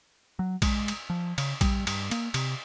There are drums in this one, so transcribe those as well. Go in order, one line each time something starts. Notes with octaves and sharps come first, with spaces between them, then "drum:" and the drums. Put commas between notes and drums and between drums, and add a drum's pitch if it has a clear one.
F#3
G#3, drum: kick A#1, cymbal
drum: cymbal
F3
C#3, drum: cymbal
G3, drum: kick A#1, cymbal
G2, drum: cymbal
A#3, drum: cymbal
C3, drum: cymbal